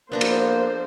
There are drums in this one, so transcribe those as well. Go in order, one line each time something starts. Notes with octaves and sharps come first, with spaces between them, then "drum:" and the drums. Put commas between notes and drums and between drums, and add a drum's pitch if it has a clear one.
F3 A#3 B3 D4 C5 A#5
drum: cymbal